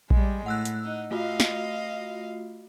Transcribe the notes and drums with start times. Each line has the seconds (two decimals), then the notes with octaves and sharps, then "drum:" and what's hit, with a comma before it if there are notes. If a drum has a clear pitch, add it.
0.10 G3 G#3, drum: kick A#1
0.46 A2 F#5 E6 F#6
0.65 drum: hi-hat
0.81 D#4
1.11 A3 F4 F#4 D#5 F5
1.40 drum: snare